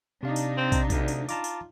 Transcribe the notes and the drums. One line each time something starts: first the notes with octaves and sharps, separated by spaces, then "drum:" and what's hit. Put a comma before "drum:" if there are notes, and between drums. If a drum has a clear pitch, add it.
C3 D4 D#4 F5
drum: tambourine
C4
drum: kick, tambourine
D2, drum: kick, tambourine
drum: tambourine
F4 A5 A#5 D6, drum: tambourine
drum: tambourine